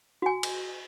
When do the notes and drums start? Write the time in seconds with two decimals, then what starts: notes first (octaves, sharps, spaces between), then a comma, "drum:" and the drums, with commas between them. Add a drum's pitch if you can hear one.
0.22 F#4 G#5
0.43 drum: cymbal